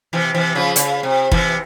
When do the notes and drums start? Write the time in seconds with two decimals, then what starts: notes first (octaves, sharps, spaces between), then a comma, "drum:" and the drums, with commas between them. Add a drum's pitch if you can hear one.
0.13 C3 E3
0.35 C3 E3
0.55 C#3 F3
0.76 C#3, drum: hi-hat
1.03 C3
1.32 C3 E3, drum: kick